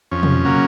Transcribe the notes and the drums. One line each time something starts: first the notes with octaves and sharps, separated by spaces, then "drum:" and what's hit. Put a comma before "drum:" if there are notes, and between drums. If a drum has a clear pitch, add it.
F2 C#4
drum: tom B2
C#3 F#3 A#3